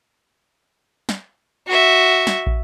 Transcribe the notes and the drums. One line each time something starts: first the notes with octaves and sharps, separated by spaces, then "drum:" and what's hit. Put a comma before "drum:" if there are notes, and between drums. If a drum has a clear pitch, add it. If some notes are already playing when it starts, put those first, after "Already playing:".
drum: snare
F#4 E5
drum: snare
drum: kick